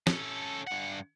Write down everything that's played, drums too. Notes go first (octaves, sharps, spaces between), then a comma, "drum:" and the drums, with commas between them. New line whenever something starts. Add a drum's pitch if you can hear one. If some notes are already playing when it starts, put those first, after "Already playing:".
C#4 A4, drum: snare
G2 F#5